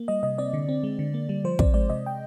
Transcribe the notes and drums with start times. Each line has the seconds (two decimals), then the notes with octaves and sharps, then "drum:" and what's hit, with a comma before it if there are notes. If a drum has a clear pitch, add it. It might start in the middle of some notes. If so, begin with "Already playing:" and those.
Already playing: A#3
0.08 G3 D#5
0.23 C3 D#5
0.38 C4 D5
0.54 D3
0.69 C4
0.83 G#3
0.99 D3
1.14 A#3
1.29 G3
1.44 F3 C5
1.59 C4 D5, drum: kick
1.74 G#3 D5
1.90 C3 D#5
2.06 G5